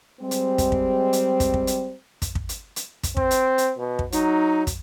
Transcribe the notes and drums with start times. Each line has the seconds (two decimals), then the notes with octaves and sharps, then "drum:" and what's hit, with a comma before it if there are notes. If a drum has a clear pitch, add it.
0.21 G3 G#3 C4
0.31 drum: hi-hat
0.58 drum: kick, hi-hat
0.72 drum: kick
1.13 drum: hi-hat
1.40 drum: kick, hi-hat
1.54 drum: kick
1.67 drum: hi-hat
2.22 drum: kick, hi-hat
2.35 drum: kick
2.49 drum: hi-hat
2.76 drum: hi-hat
3.03 drum: kick, hi-hat
3.17 C4, drum: kick
3.31 drum: hi-hat
3.58 drum: hi-hat
3.78 B2
3.99 drum: kick
4.12 F#3 D#4, drum: hi-hat
4.67 drum: kick, hi-hat